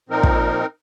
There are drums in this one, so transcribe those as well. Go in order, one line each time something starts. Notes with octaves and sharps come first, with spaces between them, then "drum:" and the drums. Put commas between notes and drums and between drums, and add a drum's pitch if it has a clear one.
A#2 F3 C4 D#4 A#4
drum: kick